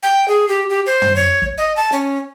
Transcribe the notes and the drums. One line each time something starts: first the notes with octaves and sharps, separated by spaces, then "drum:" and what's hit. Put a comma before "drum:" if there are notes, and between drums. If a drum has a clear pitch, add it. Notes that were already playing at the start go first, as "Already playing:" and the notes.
G5
G#4
G4
G4
C5
drum: tom
C#5
drum: kick
D#5
A5
C#4